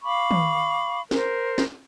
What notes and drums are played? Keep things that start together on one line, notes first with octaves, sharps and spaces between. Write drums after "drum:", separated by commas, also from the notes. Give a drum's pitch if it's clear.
F5 B5 C#6 D6
drum: tom
A#4 C5, drum: snare
drum: snare